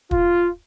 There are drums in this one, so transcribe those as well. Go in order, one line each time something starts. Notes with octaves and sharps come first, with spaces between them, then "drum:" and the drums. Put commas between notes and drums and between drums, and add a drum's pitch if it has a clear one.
F4, drum: kick